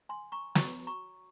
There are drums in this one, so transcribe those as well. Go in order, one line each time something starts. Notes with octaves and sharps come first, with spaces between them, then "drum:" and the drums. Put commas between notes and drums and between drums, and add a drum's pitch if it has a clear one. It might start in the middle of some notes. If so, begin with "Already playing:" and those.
G#5 C6
A#5 C#6
F#4 C#5 A#5 C#6, drum: snare
A#5 C#6